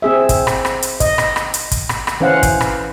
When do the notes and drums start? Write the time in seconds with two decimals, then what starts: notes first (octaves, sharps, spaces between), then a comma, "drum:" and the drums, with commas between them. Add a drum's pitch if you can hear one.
0.02 C4 G#4 E5
0.29 drum: kick, hi-hat
0.47 drum: rim click
0.65 drum: rim click
0.82 drum: hi-hat
1.00 D#5, drum: kick, hi-hat
1.18 drum: rim click
1.36 drum: rim click
1.54 drum: hi-hat
1.71 drum: kick, hi-hat
1.89 drum: rim click
2.07 drum: rim click
2.21 E3 C#4 C5 F5 F#5
2.43 drum: kick, hi-hat
2.61 drum: rim click